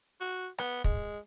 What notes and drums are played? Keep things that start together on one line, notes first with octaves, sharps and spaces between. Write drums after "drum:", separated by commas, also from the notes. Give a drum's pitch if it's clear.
F#4
B3, drum: rim click
G#3, drum: kick